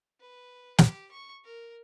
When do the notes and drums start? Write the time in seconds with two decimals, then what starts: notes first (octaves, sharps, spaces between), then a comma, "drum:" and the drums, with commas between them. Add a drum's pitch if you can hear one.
0.20 B4
0.78 G4, drum: snare
1.11 C#6
1.44 A#4